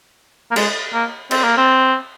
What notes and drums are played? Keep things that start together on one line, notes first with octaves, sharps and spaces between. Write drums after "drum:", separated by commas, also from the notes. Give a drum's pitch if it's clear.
A#3
G#3, drum: cymbal
A#3
C4, drum: cymbal
A#3
C4